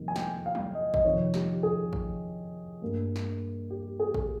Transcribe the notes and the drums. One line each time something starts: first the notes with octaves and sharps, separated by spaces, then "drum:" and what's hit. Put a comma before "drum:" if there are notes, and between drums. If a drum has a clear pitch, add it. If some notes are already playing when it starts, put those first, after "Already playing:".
Already playing: F2 C3 D#3 G3 A#3
G#5
G5, drum: snare
F5
drum: tom F#3
D#5
D#5, drum: kick
F2 C3 D#3 C#5
G4, drum: snare
G#4
drum: kick
G2 G3 A#3
drum: snare
G4
G#4
G4
G#4, drum: kick